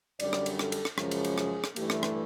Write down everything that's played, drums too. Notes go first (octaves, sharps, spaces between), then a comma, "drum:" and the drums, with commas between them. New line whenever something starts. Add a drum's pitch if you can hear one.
F#2 D3 G3 D5, drum: cymbal
drum: rim click
drum: cymbal
A4, drum: rim click
drum: cymbal
drum: rim click
F#2 C#3 F3 G#3 A#4, drum: rim click
drum: cymbal
drum: cymbal
G#4, drum: rim click
drum: rim click
G2 E3 A3 G4, drum: cymbal
drum: rim click
drum: rim click